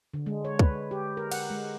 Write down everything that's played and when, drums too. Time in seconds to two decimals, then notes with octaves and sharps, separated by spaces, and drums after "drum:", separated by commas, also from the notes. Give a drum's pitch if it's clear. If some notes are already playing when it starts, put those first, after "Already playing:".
0.14 D3
0.26 G#3
0.45 C#5
0.59 B4, drum: kick
0.91 G4
1.17 A#4
1.32 F#5, drum: cymbal
1.50 G#3